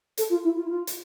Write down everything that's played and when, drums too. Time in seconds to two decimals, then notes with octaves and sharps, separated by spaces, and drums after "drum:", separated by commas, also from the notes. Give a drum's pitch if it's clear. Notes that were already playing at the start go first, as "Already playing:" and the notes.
0.17 A4, drum: hi-hat
0.30 F4
0.44 E4
0.57 F4
0.65 E4
0.70 F4
0.87 drum: hi-hat